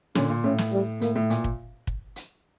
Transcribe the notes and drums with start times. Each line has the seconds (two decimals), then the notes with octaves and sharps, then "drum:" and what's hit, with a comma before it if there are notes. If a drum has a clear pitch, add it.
0.15 A#2 D3 C#4, drum: snare
0.30 A#2
0.44 A2 C#4
0.58 drum: snare
0.72 G3
1.01 A2 A#3, drum: hi-hat
1.16 A2
1.30 A#2, drum: hi-hat
1.44 drum: kick
1.87 drum: kick
2.16 drum: hi-hat